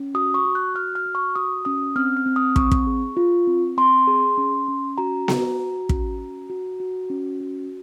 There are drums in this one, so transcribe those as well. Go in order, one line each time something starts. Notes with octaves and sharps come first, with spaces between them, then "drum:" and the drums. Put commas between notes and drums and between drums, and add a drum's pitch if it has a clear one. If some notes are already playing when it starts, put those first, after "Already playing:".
Already playing: C#4
F#4 D#6
C#6
F#4
F#6
F#4 F6
F6
F#4
C#6
F#4 D#6
C#4 D#6
C4 F6
F6
C4
D#6
C4 C#6, drum: kick
drum: kick
G#4
F4
C4
C4 C6
G#4
C#4
C#4
F#4 A#5
F#4, drum: snare B3
F#4
C#4, drum: kick
F#4
F#4
F#4
C#4
F#4